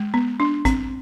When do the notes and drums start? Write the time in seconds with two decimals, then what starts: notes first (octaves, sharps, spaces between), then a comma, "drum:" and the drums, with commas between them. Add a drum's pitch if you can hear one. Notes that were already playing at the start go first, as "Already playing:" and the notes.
Already playing: G#3
0.14 B3
0.40 D4
0.65 C4, drum: kick G#1, hi-hat